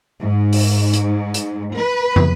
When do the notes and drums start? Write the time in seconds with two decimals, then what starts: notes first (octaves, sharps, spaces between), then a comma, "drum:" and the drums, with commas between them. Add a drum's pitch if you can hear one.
0.20 G#2
0.53 drum: open hi-hat
0.94 drum: hi-hat
1.34 drum: hi-hat
1.75 B4
2.16 drum: tom